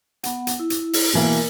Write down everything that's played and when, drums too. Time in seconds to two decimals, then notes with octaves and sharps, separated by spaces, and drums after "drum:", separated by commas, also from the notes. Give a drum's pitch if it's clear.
0.23 B3 F#5, drum: hi-hat
0.47 drum: hi-hat
0.59 E4
0.70 drum: hi-hat
0.93 drum: open hi-hat
1.13 B2 E3 A#3
1.29 A#4